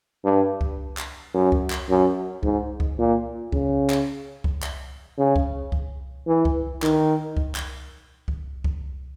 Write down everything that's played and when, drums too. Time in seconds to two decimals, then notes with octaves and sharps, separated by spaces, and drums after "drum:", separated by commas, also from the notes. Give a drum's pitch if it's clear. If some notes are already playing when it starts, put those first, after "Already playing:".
0.24 G2
0.61 drum: kick C2
0.97 drum: clap
1.34 F#2
1.52 drum: kick C2
1.70 drum: clap
1.89 F#2
2.43 G#2, drum: kick C2
2.80 drum: kick C2
2.98 A#2
3.52 C#3, drum: kick C2
3.90 drum: clap
4.44 drum: kick C2
4.63 drum: clap
5.18 C#3
5.36 drum: kick C2
5.72 drum: kick C2
6.27 E3
6.45 drum: kick C2
6.82 D#3, drum: clap
7.37 drum: kick C2
7.55 drum: clap
8.28 drum: kick C2
8.64 drum: kick C2